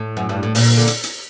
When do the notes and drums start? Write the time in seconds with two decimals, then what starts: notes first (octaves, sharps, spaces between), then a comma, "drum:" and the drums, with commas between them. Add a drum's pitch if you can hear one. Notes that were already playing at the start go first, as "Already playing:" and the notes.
Already playing: A2
0.17 F#2
0.29 G2
0.43 A2
0.55 A#2, drum: open hi-hat
0.77 D3
0.87 drum: hi-hat
1.03 drum: hi-hat